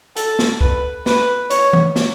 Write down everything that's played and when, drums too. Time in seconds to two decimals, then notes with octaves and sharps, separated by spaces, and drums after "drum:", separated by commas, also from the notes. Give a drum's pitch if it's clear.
0.17 A4, drum: hi-hat
0.39 drum: snare
0.61 B4, drum: kick C2
1.06 B4, drum: snare
1.51 C#5, drum: hi-hat
1.73 drum: tom E3
1.96 drum: snare